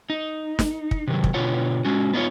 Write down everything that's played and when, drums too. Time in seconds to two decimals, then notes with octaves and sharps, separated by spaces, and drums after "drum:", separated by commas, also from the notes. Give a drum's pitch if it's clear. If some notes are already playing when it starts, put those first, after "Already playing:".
0.10 D#4
0.59 drum: snare
0.91 drum: kick
1.07 C3 D#3 F#3
1.24 drum: kick
1.34 B2 D3 F4 C#5 F#5
1.85 G#3 C#4 F#4
2.14 B3 D4 D#4 F4 C#5